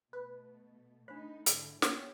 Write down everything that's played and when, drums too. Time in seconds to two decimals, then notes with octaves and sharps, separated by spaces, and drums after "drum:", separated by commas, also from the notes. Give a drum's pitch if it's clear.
0.13 B2 A3 B4
1.08 A3 D4 D#4 C5 B5
1.46 G#2 D3 E4, drum: hi-hat
1.82 A#3 B3 C#4 G4 C#5, drum: snare